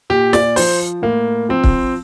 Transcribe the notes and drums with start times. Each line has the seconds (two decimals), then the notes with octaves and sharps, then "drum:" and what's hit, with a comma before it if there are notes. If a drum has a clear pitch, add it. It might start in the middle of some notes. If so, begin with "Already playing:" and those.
0.10 A#2 G4
0.33 D5, drum: snare
0.56 F3 C5, drum: open hi-hat
1.02 A2 A#3
1.49 F3 C4
1.64 drum: kick